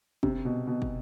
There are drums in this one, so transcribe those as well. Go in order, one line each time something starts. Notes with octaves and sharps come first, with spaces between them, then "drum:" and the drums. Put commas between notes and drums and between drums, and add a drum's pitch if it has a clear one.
C3, drum: kick
B2
B2
drum: kick